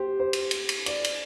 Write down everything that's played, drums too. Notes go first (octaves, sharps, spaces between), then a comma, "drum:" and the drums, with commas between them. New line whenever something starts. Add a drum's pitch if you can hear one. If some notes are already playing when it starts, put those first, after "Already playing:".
Already playing: G4 C5
C5
drum: cymbal
drum: cymbal
drum: cymbal
D5, drum: cymbal
drum: cymbal